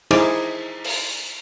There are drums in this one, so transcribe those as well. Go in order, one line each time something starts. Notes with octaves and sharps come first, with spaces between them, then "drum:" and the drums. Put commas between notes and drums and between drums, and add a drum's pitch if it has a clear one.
D#4 E4 G#4 C5 D6, drum: cymbal
drum: open hi-hat